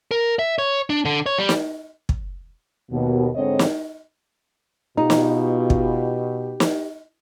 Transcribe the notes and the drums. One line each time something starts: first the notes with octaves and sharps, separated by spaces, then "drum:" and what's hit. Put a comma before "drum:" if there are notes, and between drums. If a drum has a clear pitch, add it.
A#4
E5
C#5
D4
D3
C#5
G3
drum: snare
drum: kick
D#2 B2
G#2 D3 C4 C#5 D#5
drum: snare
B2 D#4 F4 G4
drum: snare
drum: kick
drum: snare